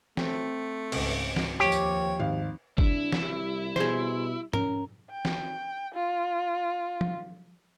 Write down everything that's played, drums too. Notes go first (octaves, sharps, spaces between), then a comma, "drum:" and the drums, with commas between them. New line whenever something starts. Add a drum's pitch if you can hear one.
A3 C4, drum: snare
C#2 G#2, drum: cymbal
drum: snare
D#2 F3 G4 C#5
drum: tambourine
G#1 F5
C2 D4 E4, drum: kick
drum: snare
G3
B2 G#4 C5, drum: snare
C#4 A#4, drum: tom
G5
drum: snare
F4
drum: tom